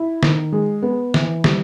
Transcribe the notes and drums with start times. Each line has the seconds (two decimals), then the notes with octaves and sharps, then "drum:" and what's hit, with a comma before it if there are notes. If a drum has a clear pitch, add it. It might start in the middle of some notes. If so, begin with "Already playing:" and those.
Already playing: E4
0.23 D#3, drum: snare
0.52 G#3
0.83 B3
1.14 E3, drum: snare
1.44 G3, drum: snare